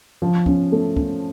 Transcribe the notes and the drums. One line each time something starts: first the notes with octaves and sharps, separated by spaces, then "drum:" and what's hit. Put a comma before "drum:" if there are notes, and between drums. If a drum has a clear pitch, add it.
F3
C#4, drum: kick
A3
C#4, drum: kick